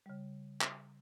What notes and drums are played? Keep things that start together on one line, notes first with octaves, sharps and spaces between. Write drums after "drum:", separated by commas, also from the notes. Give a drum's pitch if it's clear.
C#3 G3
drum: clap